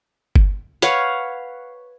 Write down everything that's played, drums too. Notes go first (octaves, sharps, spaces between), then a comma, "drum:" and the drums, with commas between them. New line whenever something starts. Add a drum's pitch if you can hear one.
drum: kick G1
B4 C#5 F5 F#5, drum: hi-hat